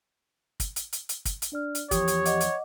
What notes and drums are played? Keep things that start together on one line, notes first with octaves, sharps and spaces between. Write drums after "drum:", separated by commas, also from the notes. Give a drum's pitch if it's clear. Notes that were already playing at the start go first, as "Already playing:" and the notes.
drum: kick, hi-hat
drum: hi-hat
drum: hi-hat
drum: hi-hat
drum: kick, hi-hat
drum: hi-hat
D4 D5 F6
drum: hi-hat
E2 F3 G4 C#5 D#6, drum: kick, hi-hat
drum: hi-hat
D#5 F#5 D6, drum: hi-hat
drum: hi-hat